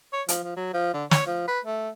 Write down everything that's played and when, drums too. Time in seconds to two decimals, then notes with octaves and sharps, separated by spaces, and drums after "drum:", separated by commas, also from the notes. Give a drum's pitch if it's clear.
0.13 C#5
0.28 F3, drum: hi-hat
0.44 F3
0.57 F#3
0.74 F3
0.94 D3
1.11 C#5, drum: snare
1.27 F3
1.48 B4
1.65 A3